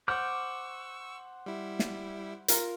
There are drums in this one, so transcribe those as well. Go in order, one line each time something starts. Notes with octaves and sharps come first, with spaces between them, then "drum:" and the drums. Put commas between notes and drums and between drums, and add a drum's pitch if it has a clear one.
C5 F#5 C#6 D6 E6 F6 G6
G3 E4
drum: snare
F4 A#4 A#5, drum: hi-hat